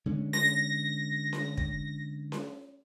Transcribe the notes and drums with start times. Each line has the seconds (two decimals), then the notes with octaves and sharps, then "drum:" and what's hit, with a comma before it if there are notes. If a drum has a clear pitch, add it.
0.06 D3 G#3 C#4
0.33 A#6, drum: snare C#4
1.33 drum: snare C#4
1.57 drum: kick
2.32 drum: snare C#4